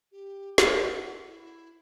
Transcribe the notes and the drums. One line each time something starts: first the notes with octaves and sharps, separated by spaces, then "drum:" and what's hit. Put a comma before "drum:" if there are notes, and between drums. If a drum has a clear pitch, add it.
G4
F#5, drum: snare
E4